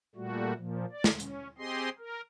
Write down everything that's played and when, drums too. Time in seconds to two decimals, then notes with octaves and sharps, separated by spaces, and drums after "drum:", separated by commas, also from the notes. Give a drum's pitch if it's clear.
0.15 A#2 G3 A3 F#4
0.57 A#2 F3
0.91 D5
1.04 drum: snare
1.20 C#4, drum: hi-hat
1.58 C4 G4 G#4 D#5 C6
1.98 A#4